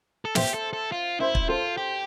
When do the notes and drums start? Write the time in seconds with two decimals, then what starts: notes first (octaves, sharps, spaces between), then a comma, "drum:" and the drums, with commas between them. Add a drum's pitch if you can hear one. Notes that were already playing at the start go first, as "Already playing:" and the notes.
0.25 A4
0.35 G4 C5 E5, drum: snare
0.54 A4
0.73 A4
0.92 F4
1.20 E4 C5 E5
1.35 drum: kick
1.49 F4 A4 C5
1.77 G4